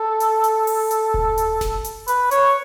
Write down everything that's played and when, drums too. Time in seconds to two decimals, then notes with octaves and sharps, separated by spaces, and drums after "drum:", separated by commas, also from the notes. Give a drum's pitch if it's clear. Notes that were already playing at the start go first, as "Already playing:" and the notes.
Already playing: A4
0.20 drum: hi-hat
0.44 drum: hi-hat
0.67 drum: open hi-hat
0.91 drum: hi-hat
1.14 drum: kick D#1
1.38 drum: hi-hat
1.61 drum: snare G1
1.84 drum: hi-hat
2.08 B4, drum: hi-hat
2.31 C#5, drum: hi-hat